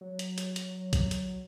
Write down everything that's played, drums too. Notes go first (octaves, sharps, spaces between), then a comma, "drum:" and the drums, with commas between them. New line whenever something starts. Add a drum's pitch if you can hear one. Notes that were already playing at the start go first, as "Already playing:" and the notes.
F#3
drum: hi-hat
drum: hi-hat
drum: hi-hat
drum: kick, hi-hat
drum: hi-hat